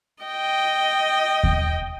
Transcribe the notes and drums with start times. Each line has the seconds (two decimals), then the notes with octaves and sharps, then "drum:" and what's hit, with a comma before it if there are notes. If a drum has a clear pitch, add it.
0.23 D#5 G5
1.44 drum: kick D#2